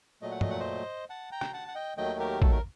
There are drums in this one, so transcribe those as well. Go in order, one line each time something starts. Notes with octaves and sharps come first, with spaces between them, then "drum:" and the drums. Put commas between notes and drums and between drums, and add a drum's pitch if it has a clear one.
A#2 F#3 A3 D#5
F#5
D#5, drum: tom
F#5
C5 D#5
F#5 A5
G5 A#5
drum: rim click
F#5 A5
F#5
D#5 G5
D#2 D#3 F#3 A3 D#5 G5
G4 A#4
A4, drum: kick
A#4